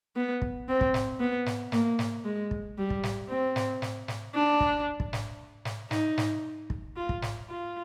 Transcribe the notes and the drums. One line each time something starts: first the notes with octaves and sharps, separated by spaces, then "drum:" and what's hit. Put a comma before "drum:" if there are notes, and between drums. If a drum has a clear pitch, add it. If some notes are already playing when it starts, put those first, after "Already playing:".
B3
drum: kick
C4
drum: kick
drum: snare
B3
drum: snare
A#3, drum: snare
drum: snare
G#3
drum: kick
G3
drum: kick
drum: snare
C4
drum: snare
drum: snare
drum: snare
D4
drum: kick
drum: kick
drum: snare
drum: snare
D#4, drum: snare
drum: snare
drum: kick
F4
drum: kick
drum: snare
F4